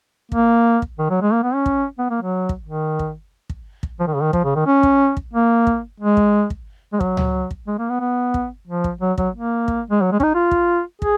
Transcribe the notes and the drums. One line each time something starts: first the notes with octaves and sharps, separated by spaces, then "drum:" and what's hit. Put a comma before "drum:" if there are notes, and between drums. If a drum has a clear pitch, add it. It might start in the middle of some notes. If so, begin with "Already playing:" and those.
A#3, drum: kick
drum: kick
D#3
F#3
G#3
A#3
B3
C#4
drum: kick
B3
A#3
F#3
drum: kick
D#3
drum: kick
drum: kick
drum: kick
F3
D#3
C#3
D#3
F3, drum: kick
C#3
D#3
C#4
drum: kick
drum: kick
A#3
drum: kick
G#3
drum: kick
drum: kick
G#3
F#3, drum: kick
drum: tom C#2
drum: kick
G#3
A#3
B3
B3
drum: kick
F3
drum: kick
F#3
F#3, drum: kick
A#3
drum: kick
G#3
F#3
G#3
C#4, drum: kick
D#4
F4
drum: kick
G#4, drum: kick